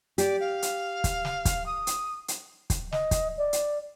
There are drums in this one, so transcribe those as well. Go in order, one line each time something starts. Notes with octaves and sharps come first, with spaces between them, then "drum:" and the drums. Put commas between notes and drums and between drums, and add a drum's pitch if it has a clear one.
G4 D5, drum: hi-hat
F5
drum: hi-hat
drum: kick, hi-hat
drum: snare
drum: kick, hi-hat
D#6
drum: hi-hat
drum: hi-hat
drum: kick, hi-hat
D#5, drum: snare
drum: kick, hi-hat
D5
drum: hi-hat